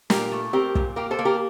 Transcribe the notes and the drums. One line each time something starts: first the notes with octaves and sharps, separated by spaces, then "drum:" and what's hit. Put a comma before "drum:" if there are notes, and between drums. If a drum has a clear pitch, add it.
A#2 G4 A#4, drum: snare
A3
C4 G4 A#4
A#2, drum: kick
A#3 G4 A#4
A4 C5
A#3
G4 A#4